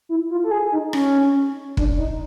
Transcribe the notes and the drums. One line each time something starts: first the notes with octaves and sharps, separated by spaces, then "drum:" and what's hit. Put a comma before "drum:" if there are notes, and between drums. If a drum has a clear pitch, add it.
E4
F4
A4
G#4
D#4
C#4, drum: rim click
D4, drum: kick
D#4